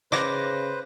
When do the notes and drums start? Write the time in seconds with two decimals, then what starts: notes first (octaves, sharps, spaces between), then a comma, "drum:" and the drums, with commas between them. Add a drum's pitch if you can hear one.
0.12 C#3 B4 C5 D6 A#6, drum: rim click